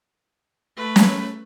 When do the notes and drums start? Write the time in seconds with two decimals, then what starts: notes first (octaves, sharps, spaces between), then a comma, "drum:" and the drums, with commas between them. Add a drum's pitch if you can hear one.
0.77 A3 B4
0.96 drum: snare